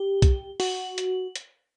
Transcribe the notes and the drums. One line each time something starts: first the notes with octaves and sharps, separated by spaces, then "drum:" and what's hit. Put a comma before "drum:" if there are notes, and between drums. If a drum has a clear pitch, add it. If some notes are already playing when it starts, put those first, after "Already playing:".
Already playing: G4
drum: kick B1, hi-hat
F#4, drum: open hi-hat
drum: hi-hat
drum: hi-hat